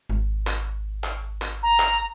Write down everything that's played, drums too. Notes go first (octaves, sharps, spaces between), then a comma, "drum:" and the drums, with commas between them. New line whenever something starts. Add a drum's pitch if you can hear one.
G#1
drum: clap
drum: clap
drum: clap
A#5
drum: clap